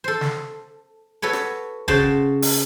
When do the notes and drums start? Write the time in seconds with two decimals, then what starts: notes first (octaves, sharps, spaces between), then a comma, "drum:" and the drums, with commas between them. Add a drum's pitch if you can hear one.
0.04 A4 C5
0.21 drum: snare
1.22 F#4 A4 B4 C#5
1.33 drum: rim click
1.88 C#3 F#4 C5 A5, drum: kick
2.42 drum: open hi-hat